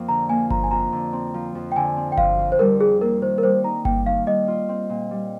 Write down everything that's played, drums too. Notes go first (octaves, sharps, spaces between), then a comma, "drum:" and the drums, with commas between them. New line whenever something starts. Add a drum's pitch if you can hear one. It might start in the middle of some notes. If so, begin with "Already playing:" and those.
Already playing: F2 F3 A#3
D3 A#5
A#3 G#5
F3 A#5, drum: kick G1
G#5
F2 A#5
D3
C4
F3
F2
G5
D3 G#5
C4
G5
F3 F5, drum: kick G1
F2
C5
G3 A#4
D#4 G#4
A#3 A#4
D#3 C5
A#4
G3 C5
D#4 A#5
A#3 G5, drum: kick G1
D#3 F5
G3 D#5
F4
C4
A#2
G3